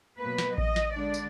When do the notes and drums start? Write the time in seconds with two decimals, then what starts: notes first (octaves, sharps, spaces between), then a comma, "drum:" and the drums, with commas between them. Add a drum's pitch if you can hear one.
0.19 B2 F#3 A#3 B4
0.38 drum: snare
0.58 D#5, drum: kick A1
0.76 drum: snare
0.95 D3 G#3 D4 D5
1.14 drum: tambourine